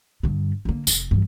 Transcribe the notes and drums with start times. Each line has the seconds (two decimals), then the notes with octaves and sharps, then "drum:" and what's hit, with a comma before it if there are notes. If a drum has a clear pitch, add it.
0.23 G2 D3
0.65 D3 A#3
0.87 F1, drum: tambourine
1.11 G2 E3